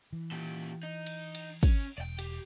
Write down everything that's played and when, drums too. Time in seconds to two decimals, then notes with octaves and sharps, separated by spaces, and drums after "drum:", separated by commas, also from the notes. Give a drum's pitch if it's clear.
0.13 E3
0.32 A#2 G4
0.83 D#4
1.06 drum: cymbal
1.35 drum: cymbal
1.63 C#4, drum: kick, cymbal
1.98 E1 D5 G5
2.19 G4, drum: cymbal